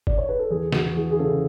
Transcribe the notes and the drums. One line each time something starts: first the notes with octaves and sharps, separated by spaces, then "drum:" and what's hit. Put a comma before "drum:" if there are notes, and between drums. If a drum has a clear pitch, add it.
D5, drum: kick F#1
C#5
B4
A4
E2 G#4
E2 F#4, drum: snare
E3 G#4
G#4
C#3 A4